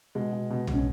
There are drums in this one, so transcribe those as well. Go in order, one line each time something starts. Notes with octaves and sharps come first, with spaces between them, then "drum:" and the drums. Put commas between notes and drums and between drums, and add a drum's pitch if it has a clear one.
B2 G#3
B2
B2
B2, drum: tom B1
C#4